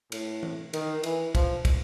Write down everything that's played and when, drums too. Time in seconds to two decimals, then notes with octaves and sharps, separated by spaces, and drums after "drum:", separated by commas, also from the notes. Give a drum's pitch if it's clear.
0.12 A2, drum: cymbal
0.43 drum: tom E3
0.73 D#3, drum: cymbal
1.03 E3, drum: cymbal
1.35 F3, drum: kick, cymbal
1.65 drum: kick, cymbal